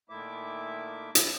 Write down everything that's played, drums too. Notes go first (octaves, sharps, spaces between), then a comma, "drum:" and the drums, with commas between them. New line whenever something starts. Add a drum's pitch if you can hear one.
A#2 D#3 A3 E4 E5 D6
drum: hi-hat